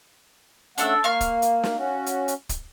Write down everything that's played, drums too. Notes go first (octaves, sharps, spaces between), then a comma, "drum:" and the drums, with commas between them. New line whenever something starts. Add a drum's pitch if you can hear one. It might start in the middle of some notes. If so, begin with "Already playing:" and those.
C#3 A3 D4 A4 F#5 E6, drum: hi-hat
A#3 F5 C#6 F6
drum: kick, hi-hat
drum: hi-hat
drum: snare
C#4 F#4
drum: hi-hat
drum: hi-hat
drum: kick, hi-hat